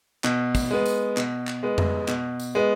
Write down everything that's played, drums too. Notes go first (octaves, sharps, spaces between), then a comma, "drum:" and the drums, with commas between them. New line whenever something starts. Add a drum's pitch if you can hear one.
B2, drum: clap
drum: kick, tambourine
G#3 B3
drum: tambourine
B2, drum: clap
drum: clap
G#3 B3
drum: tom F2
B2, drum: clap
drum: tambourine
G#3 B3